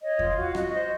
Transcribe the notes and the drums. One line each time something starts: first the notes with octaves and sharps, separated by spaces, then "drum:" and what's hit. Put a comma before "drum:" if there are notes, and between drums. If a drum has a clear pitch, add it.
C#5 D#5
F4, drum: kick E2
F#4 F5
F#4 D#5, drum: rim click
C5 D#5